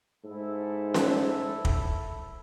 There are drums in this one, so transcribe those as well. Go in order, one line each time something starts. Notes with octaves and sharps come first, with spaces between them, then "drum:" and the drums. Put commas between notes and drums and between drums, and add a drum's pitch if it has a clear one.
G#2 E4 A4
drum: snare C#4
drum: kick